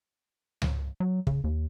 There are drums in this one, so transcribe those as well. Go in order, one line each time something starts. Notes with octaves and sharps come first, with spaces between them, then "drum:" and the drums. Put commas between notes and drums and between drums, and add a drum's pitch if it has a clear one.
drum: tom C#2
F#3
C#3, drum: kick
D#2